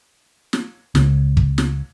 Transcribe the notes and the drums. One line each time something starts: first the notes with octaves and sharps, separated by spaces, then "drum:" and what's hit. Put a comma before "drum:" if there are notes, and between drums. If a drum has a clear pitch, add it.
drum: snare
C#2, drum: snare
drum: kick
drum: snare